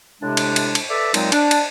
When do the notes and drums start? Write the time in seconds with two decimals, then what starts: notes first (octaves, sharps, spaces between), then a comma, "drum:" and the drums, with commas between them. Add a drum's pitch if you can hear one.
0.21 A2 C3 G#3 D4
0.37 drum: cymbal
0.56 drum: cymbal
0.75 drum: cymbal
0.90 A4 B4 D5 E5
1.14 A#2 F#3 G#3 C4 D#4, drum: cymbal
1.32 D4, drum: cymbal
1.51 drum: cymbal